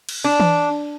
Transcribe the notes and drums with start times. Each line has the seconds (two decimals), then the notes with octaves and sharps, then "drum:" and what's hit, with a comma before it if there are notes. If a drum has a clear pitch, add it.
0.09 drum: cymbal
0.24 D4
0.40 drum: tom E3